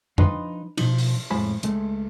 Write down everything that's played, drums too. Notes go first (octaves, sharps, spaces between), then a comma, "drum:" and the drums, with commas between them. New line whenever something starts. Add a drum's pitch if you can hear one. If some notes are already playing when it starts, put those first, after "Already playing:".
F3 D4 D#4 B4 G5 C6, drum: tom F2
B2 F3 D#4, drum: cymbal
drum: open hi-hat
F2 A2 G#3 C5 G#5 B5
C#2 G#3 A3, drum: hi-hat